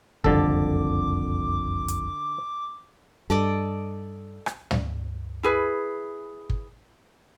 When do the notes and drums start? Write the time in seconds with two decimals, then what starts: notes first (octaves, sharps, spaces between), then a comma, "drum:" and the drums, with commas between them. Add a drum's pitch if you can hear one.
0.24 F#1 C2 F2 D3 A4 D6, drum: kick
1.88 drum: hi-hat
3.30 G2 A4 D5 D#5
4.46 drum: rim click
4.71 drum: tom
5.43 E4 G#4 B4
6.50 drum: kick